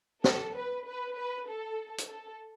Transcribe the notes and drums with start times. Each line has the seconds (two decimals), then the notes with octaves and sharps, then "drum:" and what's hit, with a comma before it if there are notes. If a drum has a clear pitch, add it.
0.24 A4, drum: snare
0.55 B4
0.86 B4
1.16 B4
1.48 A4
1.98 drum: hi-hat
2.09 A4